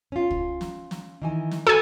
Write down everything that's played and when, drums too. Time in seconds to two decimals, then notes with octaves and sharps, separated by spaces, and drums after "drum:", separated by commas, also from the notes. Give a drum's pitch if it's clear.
0.12 C#4 F4
0.31 drum: kick
0.61 drum: snare
0.91 drum: snare
1.22 D#3 E3 G#5
1.51 drum: snare
1.67 F#4 G4 A4 G#5